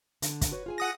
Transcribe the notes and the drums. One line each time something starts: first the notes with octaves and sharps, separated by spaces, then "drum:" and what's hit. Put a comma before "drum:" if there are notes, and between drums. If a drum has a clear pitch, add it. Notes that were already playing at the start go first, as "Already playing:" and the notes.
D3, drum: hi-hat
drum: kick, hi-hat
F#4 B4 C#5
F4 G#4 G#5
F#5 D#6 A#6